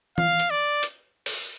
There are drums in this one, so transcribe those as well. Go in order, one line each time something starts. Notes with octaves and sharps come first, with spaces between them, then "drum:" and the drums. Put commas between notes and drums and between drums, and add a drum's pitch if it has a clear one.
F5, drum: tom E3
drum: hi-hat
D5
drum: hi-hat
drum: open hi-hat